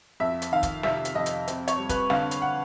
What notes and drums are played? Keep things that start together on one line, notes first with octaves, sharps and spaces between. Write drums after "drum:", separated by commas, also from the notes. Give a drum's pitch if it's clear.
F2 E5
drum: hi-hat
D#3 F5
drum: kick, hi-hat
C3 E5, drum: snare
drum: hi-hat
F2 D#5
drum: hi-hat
C4, drum: hi-hat
C#5, drum: hi-hat
G3
B4, drum: kick, hi-hat
D3 F5, drum: snare
drum: hi-hat
F#5